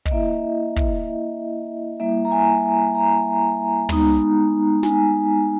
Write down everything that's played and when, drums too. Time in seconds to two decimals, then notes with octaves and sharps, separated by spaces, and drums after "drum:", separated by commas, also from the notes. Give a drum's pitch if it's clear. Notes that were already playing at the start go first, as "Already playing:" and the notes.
0.05 D#5, drum: kick
0.11 A#3 E4 E5
0.76 drum: kick
2.00 G3 A#3 E4 E5
2.25 A#5
2.32 G#5
2.95 A#5
3.89 G#3 B3 D#4, drum: tom
4.83 G#5, drum: snare